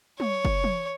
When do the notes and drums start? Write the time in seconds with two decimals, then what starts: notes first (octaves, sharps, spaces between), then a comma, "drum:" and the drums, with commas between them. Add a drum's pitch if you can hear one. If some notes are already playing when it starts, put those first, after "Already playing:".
0.20 C#5, drum: tom
0.45 drum: kick F#1
0.64 drum: tom